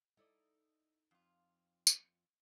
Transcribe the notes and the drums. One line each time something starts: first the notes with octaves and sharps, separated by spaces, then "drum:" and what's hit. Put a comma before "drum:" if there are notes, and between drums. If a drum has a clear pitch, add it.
D#4 E4 A4 D5 D#5
F2 F4
drum: tambourine